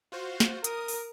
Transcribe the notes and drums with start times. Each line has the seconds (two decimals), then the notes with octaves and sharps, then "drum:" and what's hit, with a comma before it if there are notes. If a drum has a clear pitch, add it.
0.12 F4 F#4 C5
0.40 drum: snare
0.64 A#4 D#6, drum: hi-hat
0.88 drum: open hi-hat